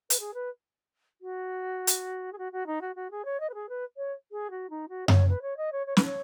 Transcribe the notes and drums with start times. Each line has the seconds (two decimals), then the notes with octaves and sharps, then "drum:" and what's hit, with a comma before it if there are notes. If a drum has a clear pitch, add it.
0.10 B4, drum: hi-hat
0.20 G#4
0.34 B4
1.21 F#4
1.87 drum: hi-hat
2.33 G#4
2.38 F#4
2.52 F#4
2.67 D#4
2.81 F#4
2.96 F#4
3.11 G#4
3.25 C#5
3.40 D#5
3.49 B4
3.54 G#4
3.69 B4
3.97 C#5
4.32 G#4
4.50 F#4
4.70 D#4
4.89 F#4
5.08 C#5, drum: tom F#2
5.29 B4
5.42 C#5
5.57 D#5
5.72 C#5
5.87 C#5
5.97 B4, drum: snare
6.05 C#5